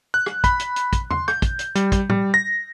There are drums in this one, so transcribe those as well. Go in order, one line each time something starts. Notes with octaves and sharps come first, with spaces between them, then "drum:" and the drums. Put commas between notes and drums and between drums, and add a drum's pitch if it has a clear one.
F#6
drum: rim click
B5, drum: kick, hi-hat
drum: hi-hat
drum: hi-hat
drum: kick, hi-hat
C6, drum: tom E2
G6, drum: rim click
drum: kick, hi-hat
drum: hi-hat
G3, drum: hi-hat
drum: kick, hi-hat
G3, drum: tom A2
A#6